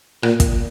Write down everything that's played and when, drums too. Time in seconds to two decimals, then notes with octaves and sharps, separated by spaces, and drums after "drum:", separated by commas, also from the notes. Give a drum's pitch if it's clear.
0.23 A#2, drum: rim click
0.40 drum: kick, hi-hat